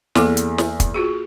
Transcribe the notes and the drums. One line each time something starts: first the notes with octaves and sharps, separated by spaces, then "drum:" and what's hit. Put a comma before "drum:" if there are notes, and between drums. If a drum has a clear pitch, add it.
E2 A#3 A4 D6, drum: snare
drum: hi-hat
drum: snare
drum: kick, hi-hat
F4 F#4 G#4